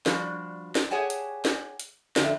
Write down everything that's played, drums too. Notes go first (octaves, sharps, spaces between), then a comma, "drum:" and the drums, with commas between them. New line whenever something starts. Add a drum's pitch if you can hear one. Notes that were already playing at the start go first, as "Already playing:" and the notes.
F3 G3 D4 F#4, drum: snare
drum: snare
G4 G#4 C#5 F#5 G#5 A5
drum: hi-hat
drum: snare
drum: hi-hat
F2 D3 A3 C4, drum: snare